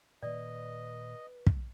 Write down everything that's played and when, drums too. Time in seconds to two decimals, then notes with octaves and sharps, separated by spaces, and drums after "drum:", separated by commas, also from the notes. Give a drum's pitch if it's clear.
0.22 A#2 D#3 A#3 B4 D5 D#5
1.47 drum: kick